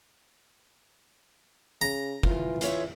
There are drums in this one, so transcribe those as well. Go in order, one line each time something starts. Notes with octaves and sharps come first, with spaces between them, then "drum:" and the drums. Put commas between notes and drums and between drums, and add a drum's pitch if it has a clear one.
C#3 A#5
E3 F4, drum: kick
F4 C#5 E5, drum: hi-hat